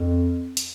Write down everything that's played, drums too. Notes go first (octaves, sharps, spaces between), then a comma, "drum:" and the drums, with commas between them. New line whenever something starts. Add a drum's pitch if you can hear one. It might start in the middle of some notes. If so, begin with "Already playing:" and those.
Already playing: F2
drum: hi-hat